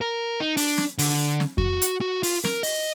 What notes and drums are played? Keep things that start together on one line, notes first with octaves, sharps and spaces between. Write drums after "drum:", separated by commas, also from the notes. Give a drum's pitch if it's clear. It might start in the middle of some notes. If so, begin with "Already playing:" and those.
A#4
D#4
D4, drum: open hi-hat
drum: snare
D3, drum: open hi-hat
drum: snare
F#4, drum: kick F2
drum: hi-hat
F#4
F4, drum: open hi-hat
A#4, drum: snare
D#5, drum: open hi-hat